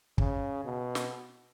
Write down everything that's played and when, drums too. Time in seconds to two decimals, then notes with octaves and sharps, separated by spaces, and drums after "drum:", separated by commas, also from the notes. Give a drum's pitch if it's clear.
0.18 C#3, drum: kick
0.64 B2
0.95 drum: snare